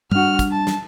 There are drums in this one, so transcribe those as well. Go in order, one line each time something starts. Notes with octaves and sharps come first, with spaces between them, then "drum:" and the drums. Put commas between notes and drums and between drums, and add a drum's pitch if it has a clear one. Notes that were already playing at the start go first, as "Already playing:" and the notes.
G3 D4 F#4 F6, drum: tom G2
drum: kick, hi-hat
A5
drum: snare